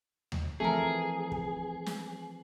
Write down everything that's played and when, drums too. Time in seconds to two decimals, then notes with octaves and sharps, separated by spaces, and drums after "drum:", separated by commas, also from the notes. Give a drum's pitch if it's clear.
0.32 drum: tom D#2
0.60 E3 F3 A3 C4 G#4 A#4
1.32 drum: kick
1.86 drum: snare